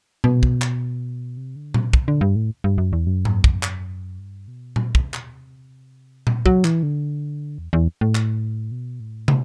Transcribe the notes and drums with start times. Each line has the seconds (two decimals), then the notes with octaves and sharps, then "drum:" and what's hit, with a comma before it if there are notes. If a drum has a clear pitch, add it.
0.24 B2, drum: tom A#2
0.43 drum: kick
0.62 drum: clap
1.37 C3
1.56 D3
1.74 C3, drum: tom A#2
1.93 B2, drum: kick
2.08 D3
2.21 G2
2.36 A2
2.64 G2
2.78 F#2
2.93 E2
3.07 F#2
3.25 drum: tom G#2
3.44 drum: kick
3.63 drum: clap
4.19 G2
4.48 B2
4.76 drum: tom A#2
4.95 drum: kick
5.14 drum: clap
5.32 C3
6.27 drum: tom A#2
6.46 F#3, drum: kick
6.65 E3, drum: clap
6.83 D3
7.58 E2
7.73 E2
8.01 A2
8.15 drum: clap
8.71 B2
9.00 A2
9.28 drum: tom